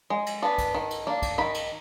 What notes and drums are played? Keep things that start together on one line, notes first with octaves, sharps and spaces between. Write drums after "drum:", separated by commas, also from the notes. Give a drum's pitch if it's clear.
G#3
drum: cymbal
B3 D4
drum: kick, cymbal
D#3
drum: cymbal
A#3 D4
drum: kick, cymbal
D#3 B5
drum: cymbal